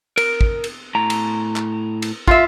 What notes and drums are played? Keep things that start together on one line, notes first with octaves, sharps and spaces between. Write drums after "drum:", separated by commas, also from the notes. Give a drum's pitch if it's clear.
A#4, drum: cymbal
drum: kick
drum: cymbal
A2 A#5
drum: cymbal
drum: clap
drum: cymbal
F4 E5, drum: kick